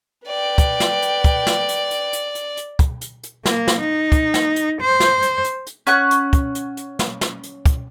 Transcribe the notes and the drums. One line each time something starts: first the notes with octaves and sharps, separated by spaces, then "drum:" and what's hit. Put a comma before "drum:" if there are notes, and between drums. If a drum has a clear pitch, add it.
B4 D5 G5
drum: kick, hi-hat
drum: snare
drum: hi-hat
drum: kick, hi-hat
drum: snare
drum: hi-hat
drum: hi-hat
drum: hi-hat
drum: hi-hat
drum: hi-hat
drum: kick, hi-hat
drum: hi-hat
drum: hi-hat
A#3, drum: snare
drum: snare
D#4
drum: kick, hi-hat
drum: snare
drum: hi-hat
C5
drum: snare
drum: hi-hat
drum: hi-hat
drum: hi-hat
C#4 F#5 C#6 F#6, drum: hi-hat
drum: hi-hat
drum: kick, hi-hat
drum: hi-hat
drum: hi-hat
drum: snare
drum: snare
drum: hi-hat
drum: kick, hi-hat